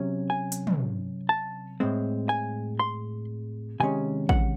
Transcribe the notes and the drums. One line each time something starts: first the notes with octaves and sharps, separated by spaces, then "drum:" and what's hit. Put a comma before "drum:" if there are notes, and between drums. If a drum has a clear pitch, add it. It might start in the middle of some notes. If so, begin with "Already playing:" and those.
Already playing: C3 F#3 C#4
G#5
drum: hi-hat
drum: tom
A5
A2 G#3 C4
G#5
C6
C3 D#3 G#3 C#4 G#5
F#5, drum: kick A1